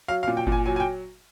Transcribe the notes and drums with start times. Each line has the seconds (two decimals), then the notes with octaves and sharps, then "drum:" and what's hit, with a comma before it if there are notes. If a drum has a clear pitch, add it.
0.08 F#3 F5
0.23 F5
0.28 A#2
0.37 G5
0.47 A#2, drum: kick G1
0.52 G#5
0.66 F#3 G#5
0.76 G#5
0.80 G5